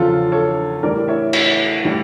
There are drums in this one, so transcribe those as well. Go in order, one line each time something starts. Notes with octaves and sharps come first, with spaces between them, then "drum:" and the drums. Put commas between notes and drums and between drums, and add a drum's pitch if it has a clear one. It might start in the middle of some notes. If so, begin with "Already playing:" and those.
Already playing: E2 C#3 F3 F4 A4
A4 C#5
A2 E3 G3 A#4 D5
C#5 E5
C#5 E5, drum: cymbal
A2 E3 G3